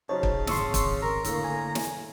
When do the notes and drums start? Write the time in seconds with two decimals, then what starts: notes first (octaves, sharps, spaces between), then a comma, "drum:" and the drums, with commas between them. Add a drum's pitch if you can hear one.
0.09 C#3 F#3 D#4 C5 C#5 A5
0.23 drum: kick
0.47 G#1 F2 C6 C#6 D#6 E6, drum: snare
0.74 drum: kick, hi-hat
1.03 A#4 A#5
1.25 A2 D3 A#3, drum: hi-hat
1.44 G#5
1.75 drum: snare